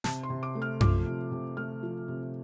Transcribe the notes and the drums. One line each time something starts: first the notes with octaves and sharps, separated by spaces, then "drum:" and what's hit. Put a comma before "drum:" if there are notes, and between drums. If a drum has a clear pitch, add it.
C3 A5, drum: snare
C6
C3
D6
A3
F6
F3 D6, drum: tom F#2
C3
C3
A3 F6
F3
C3